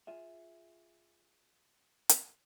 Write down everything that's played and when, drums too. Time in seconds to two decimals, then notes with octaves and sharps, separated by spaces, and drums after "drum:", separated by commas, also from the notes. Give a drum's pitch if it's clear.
0.07 F4 G#4 E5
2.09 drum: hi-hat